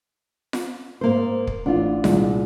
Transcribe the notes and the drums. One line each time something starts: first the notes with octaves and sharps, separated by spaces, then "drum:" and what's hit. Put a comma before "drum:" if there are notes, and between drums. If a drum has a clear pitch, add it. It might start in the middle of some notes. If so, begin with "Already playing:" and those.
drum: snare F4
G#2 A#3 C5
drum: kick
A1 D4 F4
C2 A#2 G#3, drum: snare F4